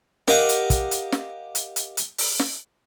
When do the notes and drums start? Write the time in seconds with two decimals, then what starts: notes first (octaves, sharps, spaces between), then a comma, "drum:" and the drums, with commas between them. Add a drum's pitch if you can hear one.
0.28 G4 A#4 D#5 F5 F#5, drum: snare
0.49 drum: hi-hat
0.70 drum: kick, hi-hat
0.91 drum: hi-hat
1.12 drum: snare
1.55 drum: hi-hat
1.76 drum: hi-hat
1.97 drum: hi-hat
2.18 drum: open hi-hat
2.39 drum: snare